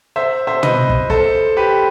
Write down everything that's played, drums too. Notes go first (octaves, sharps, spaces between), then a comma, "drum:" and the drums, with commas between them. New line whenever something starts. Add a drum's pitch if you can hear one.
C5 E5
C5 E5
B4 D#5, drum: tom
drum: kick
A4 C5, drum: kick
G4 B4